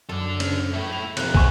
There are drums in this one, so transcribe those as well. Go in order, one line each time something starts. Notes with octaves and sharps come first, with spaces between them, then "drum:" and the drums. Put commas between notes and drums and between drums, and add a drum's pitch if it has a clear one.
F#2 D4 A4
C#3, drum: cymbal
A3 E4
F7
E2 C3 F3 A#3 F#6, drum: cymbal
A2 G#5 C#6, drum: kick